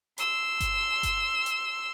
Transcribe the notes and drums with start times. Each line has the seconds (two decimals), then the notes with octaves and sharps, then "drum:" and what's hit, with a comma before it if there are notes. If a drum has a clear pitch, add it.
0.18 C6 E6, drum: hi-hat
0.60 drum: kick G1, hi-hat
1.03 drum: kick G1, hi-hat
1.46 drum: hi-hat